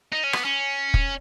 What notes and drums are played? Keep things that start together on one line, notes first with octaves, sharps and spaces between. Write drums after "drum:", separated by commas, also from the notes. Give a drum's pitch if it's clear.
D#4
C#4
B3, drum: rim click
C#4
drum: kick